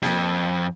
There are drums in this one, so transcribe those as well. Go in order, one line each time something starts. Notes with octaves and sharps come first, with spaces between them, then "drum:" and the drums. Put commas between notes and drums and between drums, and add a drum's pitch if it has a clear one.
F2, drum: snare A#3